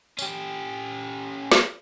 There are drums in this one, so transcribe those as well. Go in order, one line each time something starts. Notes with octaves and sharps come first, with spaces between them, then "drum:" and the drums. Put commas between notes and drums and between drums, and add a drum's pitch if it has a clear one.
C#4 G4, drum: tambourine
drum: snare